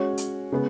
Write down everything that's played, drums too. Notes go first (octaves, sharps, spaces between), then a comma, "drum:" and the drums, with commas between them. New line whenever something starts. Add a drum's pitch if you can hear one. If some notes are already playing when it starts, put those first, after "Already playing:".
Already playing: G#3 C#4 F#4 C#5
drum: hi-hat
C#3 G#3 B3